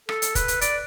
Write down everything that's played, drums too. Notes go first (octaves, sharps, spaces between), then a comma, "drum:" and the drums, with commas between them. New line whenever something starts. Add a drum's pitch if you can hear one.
A4, drum: rim click
drum: hi-hat
B4, drum: kick, hi-hat
drum: hi-hat
D5, drum: hi-hat